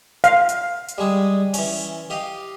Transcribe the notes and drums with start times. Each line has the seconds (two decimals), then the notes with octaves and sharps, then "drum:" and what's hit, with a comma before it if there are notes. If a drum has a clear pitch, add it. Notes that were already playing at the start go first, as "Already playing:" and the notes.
0.24 F5, drum: hi-hat
0.49 drum: hi-hat
0.88 drum: hi-hat
0.98 G3 G#3 G#4
1.54 E3 C#4, drum: open hi-hat
2.10 G4 D#5 F5